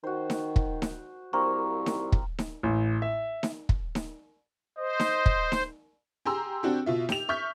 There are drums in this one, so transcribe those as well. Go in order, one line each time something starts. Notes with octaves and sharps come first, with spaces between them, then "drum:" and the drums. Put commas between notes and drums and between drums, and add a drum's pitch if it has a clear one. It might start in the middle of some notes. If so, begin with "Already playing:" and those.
D#3 F#4 C5
drum: snare D#4
drum: kick
drum: snare D#4
C2 A#3 C4 A#4 C#6
drum: snare D#4
drum: kick
drum: snare D#4
A1
E5
drum: snare D#4
drum: kick
drum: snare D#4
C5 D#5
drum: snare D#4
drum: kick
drum: snare D#4
G4 G#4 A#5 C6 E6
C4 D4 F#4 G4
B2 F4 E5
G4 F7, drum: snare D#4
E5 C#6 F6 G6 B6